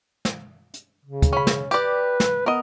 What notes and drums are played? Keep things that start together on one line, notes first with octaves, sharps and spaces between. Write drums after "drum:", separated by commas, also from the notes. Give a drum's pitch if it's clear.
drum: snare
drum: hi-hat
C#3
drum: kick, hi-hat
C#4 B5
drum: snare
G4 B4 D5, drum: hi-hat
drum: snare
B3 A#4 D#5